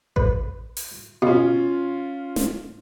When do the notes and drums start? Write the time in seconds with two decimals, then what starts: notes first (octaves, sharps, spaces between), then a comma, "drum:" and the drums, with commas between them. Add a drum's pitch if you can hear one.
0.16 B4, drum: kick A1
0.77 drum: open hi-hat
1.22 B2 C#4 F4
2.36 drum: snare